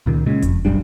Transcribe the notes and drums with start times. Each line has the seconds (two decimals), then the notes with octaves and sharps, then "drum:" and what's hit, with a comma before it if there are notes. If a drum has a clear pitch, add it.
0.06 C#2 A#2 D#3
0.26 A#2 C#3 G#3
0.42 F2, drum: kick F1, hi-hat
0.65 A#1 F#2 G3 D4